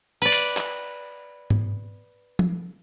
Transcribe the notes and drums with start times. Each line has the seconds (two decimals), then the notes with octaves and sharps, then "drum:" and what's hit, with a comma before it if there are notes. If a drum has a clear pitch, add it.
0.22 B4 D5
0.32 drum: cymbal
0.57 drum: clap
1.50 drum: tom
2.39 drum: tom F3